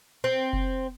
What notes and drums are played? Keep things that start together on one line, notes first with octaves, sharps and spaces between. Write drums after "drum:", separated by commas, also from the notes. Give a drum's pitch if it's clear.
C4
drum: kick F1